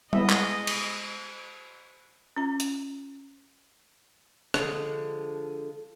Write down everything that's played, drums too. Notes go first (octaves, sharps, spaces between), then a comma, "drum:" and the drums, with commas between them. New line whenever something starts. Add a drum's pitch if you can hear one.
G#3 B3 E4 D#5 E5, drum: tom G3
drum: clap
drum: cymbal
C#4 F4 A#5
drum: hi-hat
D3 F3 F#3 G#3, drum: rim click